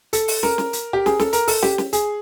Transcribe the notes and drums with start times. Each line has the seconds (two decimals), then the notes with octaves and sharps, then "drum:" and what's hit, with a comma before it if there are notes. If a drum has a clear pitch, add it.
0.13 A4, drum: hi-hat
0.28 drum: open hi-hat
0.43 A#4, drum: snare
0.58 drum: snare
0.73 drum: hi-hat
0.93 G4
1.06 G#4, drum: snare
1.19 A4, drum: snare
1.33 A#4, drum: hi-hat
1.48 A4, drum: open hi-hat
1.63 G4, drum: snare
1.78 drum: snare
1.93 G#4, drum: hi-hat